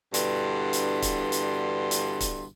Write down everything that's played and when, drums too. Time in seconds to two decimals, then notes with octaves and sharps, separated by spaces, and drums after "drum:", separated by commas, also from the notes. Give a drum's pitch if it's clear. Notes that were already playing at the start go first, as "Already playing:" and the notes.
0.14 G2 B2 D3 E3 C6, drum: hi-hat
0.73 drum: hi-hat
1.02 drum: kick, hi-hat
1.32 drum: hi-hat
1.91 drum: hi-hat
2.21 drum: kick, hi-hat